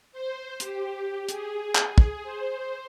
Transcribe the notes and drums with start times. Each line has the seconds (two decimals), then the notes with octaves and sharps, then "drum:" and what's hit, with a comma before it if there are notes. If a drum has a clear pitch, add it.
0.12 C5
0.60 G4, drum: hi-hat
1.29 G#4, drum: hi-hat
1.76 drum: clap
1.98 drum: kick
2.23 C5